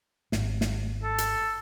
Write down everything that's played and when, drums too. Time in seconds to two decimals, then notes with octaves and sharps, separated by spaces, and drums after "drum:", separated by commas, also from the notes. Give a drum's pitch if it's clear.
0.32 G#1, drum: snare
0.61 drum: snare
1.04 A4
1.18 drum: hi-hat